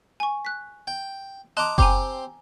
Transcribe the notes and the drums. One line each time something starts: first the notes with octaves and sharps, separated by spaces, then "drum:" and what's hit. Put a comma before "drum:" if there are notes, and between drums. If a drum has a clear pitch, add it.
G#5 C#6
F#6 B6
G5
D#5 A5 A#5 C6 D6 F#6
C4 G4 C5 G#5 A#5 D6, drum: kick F#1